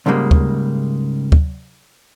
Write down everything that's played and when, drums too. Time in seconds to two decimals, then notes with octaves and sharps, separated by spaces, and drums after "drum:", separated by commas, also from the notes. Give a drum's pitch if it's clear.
0.06 C#2 G#2 C#3 G3 G#3 A#3
0.31 drum: kick
1.32 drum: kick